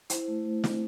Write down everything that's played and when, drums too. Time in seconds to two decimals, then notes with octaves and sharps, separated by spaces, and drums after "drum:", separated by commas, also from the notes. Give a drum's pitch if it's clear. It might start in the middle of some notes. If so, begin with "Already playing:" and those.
0.10 E4 C5, drum: hi-hat
0.28 A3
0.45 A3
0.64 C4, drum: snare